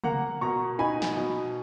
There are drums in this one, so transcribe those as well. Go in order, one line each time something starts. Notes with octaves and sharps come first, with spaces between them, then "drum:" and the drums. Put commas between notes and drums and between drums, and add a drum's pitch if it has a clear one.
A#3 F#5 A#5, drum: tom C3
B2 A#5 C#6
D#4 G#5 B5
drum: snare
B2